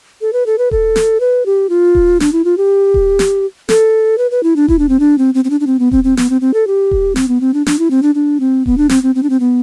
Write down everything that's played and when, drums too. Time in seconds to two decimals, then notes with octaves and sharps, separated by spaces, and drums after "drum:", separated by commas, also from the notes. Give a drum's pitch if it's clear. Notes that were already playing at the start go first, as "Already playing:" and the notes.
0.21 A4
0.33 B4
0.46 A4
0.58 B4
0.71 A4, drum: kick D#1
0.96 drum: snare
1.20 B4
1.46 G4
1.69 F4
1.95 drum: kick D#1
2.20 D4, drum: snare
2.33 E4
2.45 F4
2.58 G4
2.94 drum: kick D#1
3.19 drum: snare
3.69 A4, drum: snare
4.18 B4
4.31 B4
4.43 E4
4.56 D4
4.68 E4, drum: kick D#1
4.79 D4
4.89 C4
5.00 D4
5.18 C4
5.34 C4
5.45 C4
5.50 D4
5.60 D4
5.67 C4
5.79 B3
5.92 C4, drum: kick D#1
6.04 C4
6.17 B3, drum: snare
6.30 C4
6.41 C4
6.54 A4
6.67 G4
6.91 drum: kick D#1
7.16 C4, drum: snare
7.28 B3
7.41 C4
7.54 D4
7.66 D4, drum: snare
7.79 E4
7.91 C4
8.03 D4
8.15 D4
8.40 C4
8.66 B3, drum: kick D#1
8.78 D4
8.89 C4, drum: snare
9.03 C4
9.15 C4
9.23 D4
9.30 C4
9.40 B3